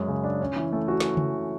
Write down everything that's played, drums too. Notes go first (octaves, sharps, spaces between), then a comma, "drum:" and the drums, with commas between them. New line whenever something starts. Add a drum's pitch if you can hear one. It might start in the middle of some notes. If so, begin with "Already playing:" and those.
Already playing: F#2 G#3
C#3
D4
C#4
E3
A3
F#4
drum: snare
drum: tom C#3